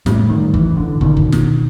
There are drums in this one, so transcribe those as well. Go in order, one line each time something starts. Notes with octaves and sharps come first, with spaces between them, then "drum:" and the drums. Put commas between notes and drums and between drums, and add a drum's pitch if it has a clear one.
A2 G3, drum: snare
D#3
E3, drum: kick
D3
B2 D#3, drum: kick
drum: kick
drum: snare